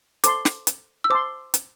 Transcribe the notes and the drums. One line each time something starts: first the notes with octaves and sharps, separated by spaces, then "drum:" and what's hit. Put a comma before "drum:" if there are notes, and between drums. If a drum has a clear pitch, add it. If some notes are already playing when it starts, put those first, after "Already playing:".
A4 C5 A5 C6 D6, drum: hi-hat
drum: snare
drum: hi-hat
E6
C5 A5 C6 D6
drum: hi-hat